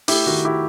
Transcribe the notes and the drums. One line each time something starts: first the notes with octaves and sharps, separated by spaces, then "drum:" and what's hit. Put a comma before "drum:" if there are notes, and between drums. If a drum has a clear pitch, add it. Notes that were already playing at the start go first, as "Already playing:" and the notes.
A3 E4 G4, drum: open hi-hat
D#3 F#4
E4 G4